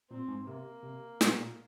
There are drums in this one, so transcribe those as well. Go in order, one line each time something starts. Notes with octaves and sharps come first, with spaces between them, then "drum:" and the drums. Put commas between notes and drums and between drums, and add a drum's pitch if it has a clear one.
A#2 C4
G#2
C3 A#3
C3
A#2, drum: snare
A#2